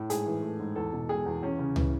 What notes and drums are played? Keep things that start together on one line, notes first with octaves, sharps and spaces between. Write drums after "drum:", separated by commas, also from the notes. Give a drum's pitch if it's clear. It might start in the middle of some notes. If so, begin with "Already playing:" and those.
Already playing: A2
G#2 G#4, drum: hi-hat
E3
A3
G#2
E2 A4
B2
G#3 G#4
E2
E2 C#4
C#3
E3, drum: tom C#2